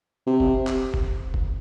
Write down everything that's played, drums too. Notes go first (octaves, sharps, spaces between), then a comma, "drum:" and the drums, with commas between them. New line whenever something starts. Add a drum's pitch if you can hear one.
C3
drum: kick
drum: clap
drum: kick
drum: kick